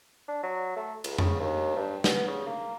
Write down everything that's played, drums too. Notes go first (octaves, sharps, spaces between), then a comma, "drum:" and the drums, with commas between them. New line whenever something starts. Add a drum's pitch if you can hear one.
D4
F#3
A3
C#2, drum: cymbal
C#3, drum: tom F2
D#2
G2
B3, drum: snare
C#3
A#3